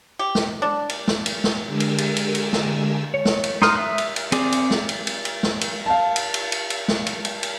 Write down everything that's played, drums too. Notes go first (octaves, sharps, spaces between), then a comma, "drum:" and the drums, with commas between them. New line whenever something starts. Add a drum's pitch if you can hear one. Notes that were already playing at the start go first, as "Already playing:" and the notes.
G4
drum: snare
D4
drum: cymbal
drum: snare
drum: cymbal
drum: snare
D3 G#3 G4 A#4 G#5 E6
drum: cymbal
drum: cymbal
drum: cymbal
drum: cymbal
drum: snare
C#5
drum: snare
drum: cymbal
D#4 A#5 C6 D#6 F6, drum: snare
E5 D#6 F#6
drum: cymbal
drum: cymbal
C4 G#4 D5, drum: cymbal
drum: cymbal
drum: snare
drum: cymbal
drum: cymbal
drum: cymbal
drum: snare
drum: cymbal
F5 A5
drum: cymbal
drum: cymbal
drum: cymbal
drum: cymbal
drum: snare
drum: cymbal
drum: cymbal
drum: cymbal